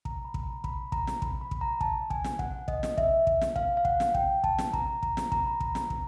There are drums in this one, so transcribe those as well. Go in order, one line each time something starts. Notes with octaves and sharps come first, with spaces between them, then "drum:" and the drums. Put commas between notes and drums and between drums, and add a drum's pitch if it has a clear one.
A#5, drum: kick
B5
drum: kick
A#5
B5, drum: kick
A#5, drum: kick
drum: snare
B5, drum: kick
B5
drum: kick
A#5
A5, drum: kick
G#5, drum: kick
drum: snare
F#5, drum: kick
D#5, drum: kick
drum: snare
E5, drum: kick
drum: kick
drum: snare
F5, drum: kick
F5
F#5, drum: kick
drum: snare
G5, drum: kick
A5, drum: kick
drum: snare
A#5, drum: kick
A#5, drum: kick
drum: snare
A#5, drum: kick
B5
A#5, drum: kick
A#5, drum: snare
drum: kick